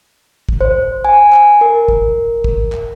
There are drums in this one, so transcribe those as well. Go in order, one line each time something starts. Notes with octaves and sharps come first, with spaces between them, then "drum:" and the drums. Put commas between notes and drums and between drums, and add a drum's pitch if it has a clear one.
drum: kick
C5
G#5
drum: clap
A#4
drum: kick
drum: kick
drum: clap